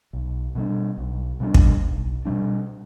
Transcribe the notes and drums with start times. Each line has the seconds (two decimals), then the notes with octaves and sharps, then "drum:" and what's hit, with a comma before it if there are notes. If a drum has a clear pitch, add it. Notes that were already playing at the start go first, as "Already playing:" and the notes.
0.13 B1
0.55 B2 G3 D4
0.98 B1
1.40 B2 G3 D4
1.54 drum: kick
1.83 B1
2.25 B2 G3 D4